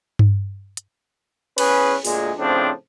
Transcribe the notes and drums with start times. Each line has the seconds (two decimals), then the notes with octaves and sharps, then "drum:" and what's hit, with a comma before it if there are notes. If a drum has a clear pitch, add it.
0.19 drum: tom G2
0.77 drum: hi-hat
1.58 E2 C#4 G#4 B4, drum: cymbal
2.05 D2 A#2 G#3, drum: open hi-hat
2.39 A2 C#3 F3 C4 D4